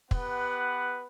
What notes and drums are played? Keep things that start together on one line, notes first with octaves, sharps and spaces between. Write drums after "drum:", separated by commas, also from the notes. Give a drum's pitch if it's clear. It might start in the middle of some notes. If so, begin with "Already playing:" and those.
B3 G4 B4 F#5, drum: kick